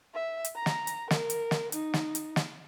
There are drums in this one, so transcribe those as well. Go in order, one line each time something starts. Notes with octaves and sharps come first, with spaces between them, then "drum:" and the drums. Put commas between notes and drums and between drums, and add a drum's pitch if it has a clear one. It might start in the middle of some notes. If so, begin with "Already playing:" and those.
E5
drum: hi-hat
A#5
drum: snare
drum: hi-hat
A#4, drum: snare
drum: hi-hat
drum: snare
D#4, drum: hi-hat
drum: snare
drum: hi-hat
drum: snare